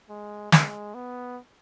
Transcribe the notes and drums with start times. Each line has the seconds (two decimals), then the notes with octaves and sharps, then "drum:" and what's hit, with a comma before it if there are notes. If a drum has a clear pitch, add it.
0.10 G#3
0.52 G#3, drum: snare
0.95 B3